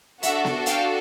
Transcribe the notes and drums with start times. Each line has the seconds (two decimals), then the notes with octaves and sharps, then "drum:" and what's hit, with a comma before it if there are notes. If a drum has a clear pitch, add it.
0.23 D4 F#4 A4 E5 F#5, drum: hi-hat
0.45 drum: snare B3
0.66 F5 G5, drum: hi-hat